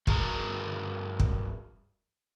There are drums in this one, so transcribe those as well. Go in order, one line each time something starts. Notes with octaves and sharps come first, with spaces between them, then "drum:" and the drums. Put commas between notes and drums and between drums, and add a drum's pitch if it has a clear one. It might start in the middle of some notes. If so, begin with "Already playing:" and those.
G2 F#4 G#4 A#4 A#5, drum: kick
drum: kick